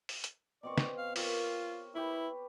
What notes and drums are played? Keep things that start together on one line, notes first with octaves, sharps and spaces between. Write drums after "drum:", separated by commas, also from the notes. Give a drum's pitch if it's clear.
drum: open hi-hat
drum: hi-hat
B2 C4 D5 C#6
drum: snare
F5
F4 G4 A#4 C#5, drum: open hi-hat
E4 G4 B4